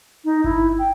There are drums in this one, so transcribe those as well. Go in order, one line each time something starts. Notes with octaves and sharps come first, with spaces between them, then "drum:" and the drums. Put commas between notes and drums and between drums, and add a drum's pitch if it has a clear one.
D#4
E4, drum: kick G1
G5